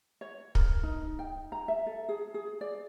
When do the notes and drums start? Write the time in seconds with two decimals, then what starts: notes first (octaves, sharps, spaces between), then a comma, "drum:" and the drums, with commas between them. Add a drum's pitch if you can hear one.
0.21 C#5
0.55 A#4, drum: kick
0.83 D#4
1.19 G5
1.52 A#5
1.68 E5
1.87 A4
2.09 G#4
2.34 G#4
2.61 D5